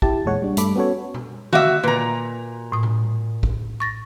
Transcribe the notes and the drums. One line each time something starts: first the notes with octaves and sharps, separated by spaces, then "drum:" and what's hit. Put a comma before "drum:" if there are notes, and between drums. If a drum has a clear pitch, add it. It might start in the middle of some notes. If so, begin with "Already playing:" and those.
E4 G4 A5, drum: kick
E2 A#2 G#3 C#5 F#5
G3 D4
G2 G3 A3 A4 B5 D6, drum: hi-hat
B3 C#4 F#4 A4 C#5
drum: tom B2
F#4 E5 F5 D6 F6, drum: tom D3
A#2 B4 A#5
A2 D#6
drum: tom B2
drum: kick
C#6 A6 A#6